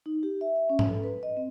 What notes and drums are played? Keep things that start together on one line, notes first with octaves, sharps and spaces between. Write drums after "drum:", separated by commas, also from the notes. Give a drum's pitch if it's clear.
D#4
G4
E5
E5
C#4
drum: tom G#2
A4
B4
D#5
C4